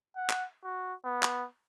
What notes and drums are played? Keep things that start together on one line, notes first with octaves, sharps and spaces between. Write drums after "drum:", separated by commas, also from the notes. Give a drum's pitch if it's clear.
F#5
drum: clap
F#4
B3
drum: clap